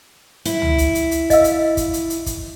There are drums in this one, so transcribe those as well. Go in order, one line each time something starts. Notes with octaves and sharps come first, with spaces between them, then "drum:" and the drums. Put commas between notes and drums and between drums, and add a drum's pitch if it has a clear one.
E4, drum: hi-hat
drum: tom C#2
drum: kick, hi-hat
drum: hi-hat
drum: hi-hat
D#5 F5 E6, drum: kick, hi-hat
drum: hi-hat
drum: kick, hi-hat
drum: hi-hat
drum: hi-hat
drum: kick, hi-hat